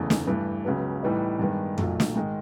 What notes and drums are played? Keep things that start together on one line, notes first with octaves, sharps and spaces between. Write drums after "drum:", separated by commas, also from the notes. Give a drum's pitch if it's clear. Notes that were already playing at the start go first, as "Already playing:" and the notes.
Already playing: F#1 E2 C#3 E3 A3
drum: snare
G2 E3 A3
C#2 C#3 F#3 B3
A2 E3 G3 B3 D#4
G2 D#3 G#3 B3
B1 A#2 F#3 A3, drum: tom F2
drum: snare
G#2 D#3 G#3